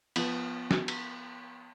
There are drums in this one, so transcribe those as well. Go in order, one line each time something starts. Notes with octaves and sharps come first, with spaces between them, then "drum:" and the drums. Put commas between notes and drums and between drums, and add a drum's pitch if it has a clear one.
F3 B3, drum: cymbal
drum: snare
drum: cymbal